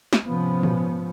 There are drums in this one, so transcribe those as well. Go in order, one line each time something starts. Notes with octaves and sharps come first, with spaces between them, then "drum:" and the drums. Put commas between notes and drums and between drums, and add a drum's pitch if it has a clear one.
drum: snare
G#2 C3 F3 B3 C#4
drum: tom A#2